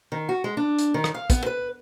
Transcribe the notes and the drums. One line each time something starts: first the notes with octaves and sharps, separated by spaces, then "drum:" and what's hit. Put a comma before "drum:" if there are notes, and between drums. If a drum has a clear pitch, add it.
D#3
F#4
G#3
D4
drum: hi-hat
D#3
drum: rim click
F5
B3, drum: kick, hi-hat
B4